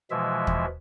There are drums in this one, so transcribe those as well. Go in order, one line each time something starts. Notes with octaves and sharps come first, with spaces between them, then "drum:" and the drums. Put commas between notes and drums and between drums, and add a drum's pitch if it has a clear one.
B2 E3 F3 G#3 E5
drum: kick